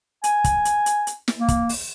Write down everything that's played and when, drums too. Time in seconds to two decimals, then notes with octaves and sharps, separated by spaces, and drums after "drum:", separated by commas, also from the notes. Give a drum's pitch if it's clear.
0.24 G#5, drum: hi-hat
0.44 drum: kick, hi-hat
0.65 drum: hi-hat
0.86 drum: hi-hat
1.07 drum: hi-hat
1.28 drum: snare
1.38 A#3
1.48 drum: kick, hi-hat
1.69 drum: open hi-hat